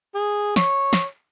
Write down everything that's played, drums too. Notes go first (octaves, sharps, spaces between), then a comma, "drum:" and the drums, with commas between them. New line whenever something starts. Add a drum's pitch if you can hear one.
G#4
C#5, drum: snare
drum: snare